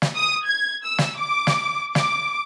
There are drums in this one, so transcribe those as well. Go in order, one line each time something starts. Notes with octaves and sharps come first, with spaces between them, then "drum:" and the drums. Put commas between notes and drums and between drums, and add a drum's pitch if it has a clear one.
drum: snare
D#6
G#6
E6
drum: snare
D6
drum: snare
D6, drum: snare